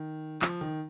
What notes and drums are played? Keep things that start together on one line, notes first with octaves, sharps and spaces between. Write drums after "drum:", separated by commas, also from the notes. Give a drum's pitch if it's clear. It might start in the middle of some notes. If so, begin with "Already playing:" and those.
Already playing: D#3
F3, drum: clap
D#3